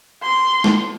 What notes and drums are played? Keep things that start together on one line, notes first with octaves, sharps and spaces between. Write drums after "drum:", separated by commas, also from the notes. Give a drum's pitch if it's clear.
C6
drum: snare